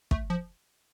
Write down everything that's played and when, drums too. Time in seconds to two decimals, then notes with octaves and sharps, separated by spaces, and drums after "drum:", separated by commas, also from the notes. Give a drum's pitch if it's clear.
0.11 A3, drum: kick
0.30 F3